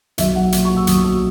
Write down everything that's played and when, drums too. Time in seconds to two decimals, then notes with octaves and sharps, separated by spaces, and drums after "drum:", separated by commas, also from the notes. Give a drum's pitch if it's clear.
0.18 B1 E5, drum: hi-hat
0.35 F#3 F#5
0.52 A#2, drum: hi-hat
0.65 C#6
0.70 A#3
0.77 E6
0.87 B1 D#6, drum: hi-hat
1.04 F#3 E6